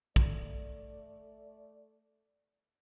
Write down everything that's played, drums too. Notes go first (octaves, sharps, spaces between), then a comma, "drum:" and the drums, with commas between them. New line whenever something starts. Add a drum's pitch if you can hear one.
A3 D5, drum: kick